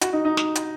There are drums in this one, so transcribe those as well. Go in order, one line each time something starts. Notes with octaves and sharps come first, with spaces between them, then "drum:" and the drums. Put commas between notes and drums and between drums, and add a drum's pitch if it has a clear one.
F#4, drum: hi-hat
D#4
D#4
drum: snare
drum: hi-hat